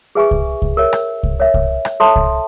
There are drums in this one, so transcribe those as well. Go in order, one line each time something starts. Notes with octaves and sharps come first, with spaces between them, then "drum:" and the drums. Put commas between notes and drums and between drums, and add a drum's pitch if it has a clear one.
G#4 B4 E5 G#5 C#6
drum: kick C2
drum: kick C2
A#4 C#5 E5
drum: rim click
drum: kick C2
A#4 C#5 E5
drum: kick C2
drum: rim click
A4 C#5 E5 A5 C6
drum: kick C2